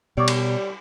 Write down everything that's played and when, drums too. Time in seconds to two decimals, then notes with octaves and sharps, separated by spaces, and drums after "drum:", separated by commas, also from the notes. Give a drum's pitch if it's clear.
0.17 B2 G3 C#5 D5
0.28 drum: cymbal